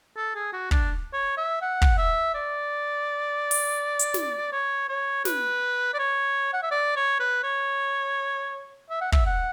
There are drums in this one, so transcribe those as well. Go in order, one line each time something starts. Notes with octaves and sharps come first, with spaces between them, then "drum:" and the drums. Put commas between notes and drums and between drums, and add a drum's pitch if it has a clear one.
A4
G#4
F#4
D4, drum: kick
C#5
E5
F#5
drum: kick
E5
D5
drum: open hi-hat
drum: hi-hat
drum: snare
C#5
C#5
B4, drum: snare
D5
C#5
F#5
E5
D5
C#5
B4
C#5
E5
F#5
E5, drum: kick
F#5